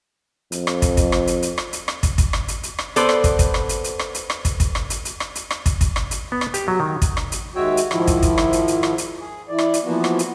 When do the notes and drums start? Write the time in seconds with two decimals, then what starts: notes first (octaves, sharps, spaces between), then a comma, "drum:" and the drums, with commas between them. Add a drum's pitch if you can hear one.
0.52 F2, drum: hi-hat
0.67 drum: rim click
0.82 drum: kick, hi-hat
0.97 drum: kick, hi-hat
1.12 drum: rim click
1.27 drum: hi-hat
1.43 drum: hi-hat
1.58 drum: rim click
1.73 drum: hi-hat
1.88 drum: rim click
2.03 drum: kick, hi-hat
2.18 drum: kick, hi-hat
2.33 drum: rim click
2.48 drum: hi-hat
2.63 drum: hi-hat
2.79 drum: rim click
2.96 B3 A4 B4 C5 D5, drum: hi-hat
3.09 drum: rim click
3.24 drum: kick, hi-hat
3.39 drum: kick, hi-hat
3.54 drum: rim click
3.69 drum: hi-hat
3.84 drum: hi-hat
3.99 drum: rim click
4.14 drum: hi-hat
4.30 drum: rim click
4.45 drum: kick, hi-hat
4.60 drum: kick, hi-hat
4.75 drum: rim click
4.90 drum: hi-hat
5.05 drum: hi-hat
5.20 drum: rim click
5.35 drum: hi-hat
5.50 drum: rim click
5.66 drum: kick, hi-hat
5.81 drum: kick, hi-hat
5.96 drum: rim click
6.11 drum: hi-hat
6.32 B3
6.41 drum: rim click
6.54 G4, drum: hi-hat
6.68 F#3
6.80 D#3
7.02 drum: kick, hi-hat
7.17 drum: rim click
7.32 drum: hi-hat
7.56 D#2 G#3 F#4 C#5 E5 G5
7.77 drum: hi-hat
7.91 G#2 D#3 F3 E4, drum: rim click
8.07 drum: kick, hi-hat
8.22 drum: kick, hi-hat
8.38 drum: rim click
8.53 drum: hi-hat
8.68 drum: hi-hat
8.83 drum: rim click
8.98 drum: hi-hat
9.20 G#4
9.49 E3 D5
9.58 drum: rim click
9.74 drum: hi-hat
9.84 E3 F3 A#3 B3 F#4
10.04 drum: rim click
10.19 drum: hi-hat